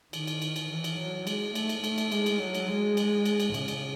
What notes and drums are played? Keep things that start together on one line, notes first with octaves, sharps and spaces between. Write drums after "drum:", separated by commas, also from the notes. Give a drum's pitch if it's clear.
D#3, drum: cymbal
drum: cymbal
drum: cymbal
drum: cymbal
E3
drum: cymbal
F#3
G#3, drum: cymbal
A3, drum: cymbal
drum: cymbal
A3, drum: cymbal
drum: cymbal
G#3, drum: cymbal
drum: cymbal
F#3
drum: cymbal
G#3
drum: cymbal
drum: cymbal
drum: cymbal
C#3, drum: cymbal
drum: cymbal